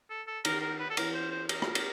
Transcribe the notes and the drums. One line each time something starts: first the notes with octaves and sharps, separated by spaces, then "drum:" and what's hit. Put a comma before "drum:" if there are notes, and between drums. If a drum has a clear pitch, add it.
A4
A4
D#3 A#4, drum: cymbal
A#4
B4
A4
E3 A#4, drum: cymbal
C5
C5
A#4, drum: cymbal
drum: rim click
drum: cymbal